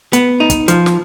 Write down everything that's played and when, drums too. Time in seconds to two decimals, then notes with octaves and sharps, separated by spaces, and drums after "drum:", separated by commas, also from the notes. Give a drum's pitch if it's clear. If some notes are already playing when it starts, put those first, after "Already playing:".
0.13 B3, drum: hi-hat
0.40 D#4
0.50 drum: kick, hi-hat
0.68 F3, drum: hi-hat
0.86 drum: snare